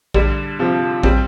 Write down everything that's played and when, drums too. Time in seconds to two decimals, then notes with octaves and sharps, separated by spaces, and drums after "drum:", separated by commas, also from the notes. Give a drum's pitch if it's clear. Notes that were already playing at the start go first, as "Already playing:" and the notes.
0.14 D3 G3, drum: kick A#1
0.59 C3 F3
1.03 G3 C4, drum: kick A#1